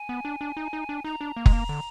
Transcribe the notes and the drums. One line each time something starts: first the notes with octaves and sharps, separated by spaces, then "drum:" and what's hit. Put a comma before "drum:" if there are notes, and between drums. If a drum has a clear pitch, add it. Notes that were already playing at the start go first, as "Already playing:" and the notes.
Already playing: G#5
B3
D4
D4
D#4
D#4
D4
D#4 A#5
D4
A#3
G#3, drum: kick F1
A#3
D3